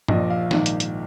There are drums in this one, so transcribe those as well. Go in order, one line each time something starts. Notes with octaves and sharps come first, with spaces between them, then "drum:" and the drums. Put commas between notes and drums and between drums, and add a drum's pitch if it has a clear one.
A#1 A#2 F3 D#5, drum: tom G2
F5
A#1 G#2 D#3, drum: snare E3
drum: hi-hat
drum: hi-hat